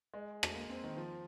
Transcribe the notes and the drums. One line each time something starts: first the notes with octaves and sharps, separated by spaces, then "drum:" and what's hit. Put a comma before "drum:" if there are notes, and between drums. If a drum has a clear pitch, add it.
G#3
drum: rim click
A#3
C4
D#3
F3